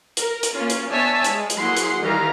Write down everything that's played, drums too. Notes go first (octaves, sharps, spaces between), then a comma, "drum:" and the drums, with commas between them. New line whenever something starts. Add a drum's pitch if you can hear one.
A#4, drum: hi-hat
drum: hi-hat
A#3 C#4 F4
drum: hi-hat
B3 D4 C#5 E5 G#5 A5
G#3, drum: hi-hat
drum: hi-hat
F#3 A#3 E4 G#4 F#5 C6
drum: hi-hat
D#3 E3 G3 A#4 F5 A#5